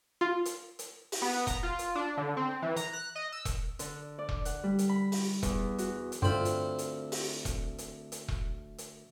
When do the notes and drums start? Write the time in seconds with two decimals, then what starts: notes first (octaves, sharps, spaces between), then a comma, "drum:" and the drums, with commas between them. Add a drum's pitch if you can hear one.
0.21 F4
0.45 drum: hi-hat
0.79 drum: hi-hat
1.12 drum: open hi-hat
1.22 B3
1.47 A#5, drum: kick E1, hi-hat
1.63 F4
1.79 drum: hi-hat
1.95 D4
2.17 D3
2.37 C4
2.62 E3
2.76 A#5, drum: hi-hat
2.93 F#6
3.15 D#5
3.32 E6
3.45 drum: kick E1, hi-hat
3.79 D3, drum: hi-hat
4.18 D5
4.29 drum: kick E1
4.45 F#5, drum: hi-hat
4.64 G3
4.79 drum: hi-hat
4.89 B5
5.12 drum: open hi-hat
5.43 E2, drum: kick E1, hi-hat
5.78 F#4, drum: hi-hat
6.12 drum: hi-hat
6.22 D2 G2 C4 F4 B5
6.45 drum: hi-hat
6.78 drum: hi-hat
7.12 drum: open hi-hat
7.45 drum: kick E1, hi-hat
7.78 drum: hi-hat
8.12 drum: hi-hat
8.28 drum: kick E1
8.78 drum: hi-hat